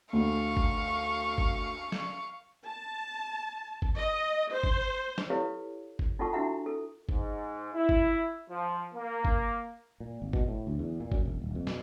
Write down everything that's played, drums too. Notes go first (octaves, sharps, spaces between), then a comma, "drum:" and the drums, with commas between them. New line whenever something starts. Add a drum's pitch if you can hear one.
D2 F5 C#6
drum: kick F#1
drum: kick F#1
drum: snare
A5
drum: kick F#1
D#5
C5
drum: kick F#1
drum: snare
E4 G4 A4 B4 C#5 F5
drum: kick F#1
D#4 F4 A4 F#5 A5 C#6
D4 E4 F#4 E5 F#5 A#5
A4
G#2, drum: kick F#1
E4
drum: kick F#1
F3
A#3
drum: kick F#1
A#2
G#1
B2, drum: kick F#1
A2
D2
E2
A#2
F#2, drum: kick F#1
E1
D#1
F2
B2, drum: snare